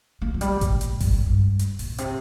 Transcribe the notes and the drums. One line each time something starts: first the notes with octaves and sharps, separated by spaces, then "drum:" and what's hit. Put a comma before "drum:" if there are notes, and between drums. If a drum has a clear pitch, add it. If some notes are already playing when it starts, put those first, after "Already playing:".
A#3
F3
G3, drum: hi-hat
A#2, drum: kick G#1, hi-hat
drum: hi-hat
G2, drum: kick G#1, open hi-hat
G2
G2
drum: hi-hat
A#2, drum: open hi-hat
C3, drum: hi-hat